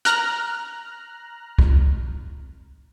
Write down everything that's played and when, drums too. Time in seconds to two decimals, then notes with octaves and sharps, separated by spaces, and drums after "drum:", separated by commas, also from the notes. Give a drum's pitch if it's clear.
0.05 A#5 F6 F#6, drum: hi-hat
1.58 drum: kick